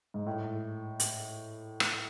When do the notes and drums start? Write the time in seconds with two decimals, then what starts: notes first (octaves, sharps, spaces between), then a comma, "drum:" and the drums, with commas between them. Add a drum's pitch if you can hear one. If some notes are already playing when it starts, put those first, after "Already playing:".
0.14 G#2
0.27 A2
1.00 drum: hi-hat
1.80 drum: rim click